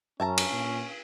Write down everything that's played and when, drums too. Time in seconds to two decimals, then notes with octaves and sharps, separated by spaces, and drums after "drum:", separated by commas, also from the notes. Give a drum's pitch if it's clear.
0.20 F#2 C#4 E5 A5 A#5
0.38 drum: cymbal
0.52 A#2